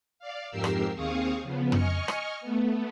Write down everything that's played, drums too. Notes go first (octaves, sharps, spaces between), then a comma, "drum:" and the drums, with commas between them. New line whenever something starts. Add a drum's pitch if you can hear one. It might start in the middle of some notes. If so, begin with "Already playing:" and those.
D5 F5
F2 G#2 G4 A#4 E6 C7
drum: rim click
D#2 C4 G#4 F5 C#6 D#6
C#3 F3 B3
D#5 G#5 C#6 F6 C#7, drum: tom
drum: rim click
A3 B3